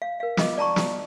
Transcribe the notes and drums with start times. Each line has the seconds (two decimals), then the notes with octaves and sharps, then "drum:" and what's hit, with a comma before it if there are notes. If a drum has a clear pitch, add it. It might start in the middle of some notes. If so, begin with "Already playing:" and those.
0.02 F5
0.20 A#4 F5
0.37 F4 D#5 D6, drum: snare
0.57 D5 A5 A#5 C#6
0.76 drum: snare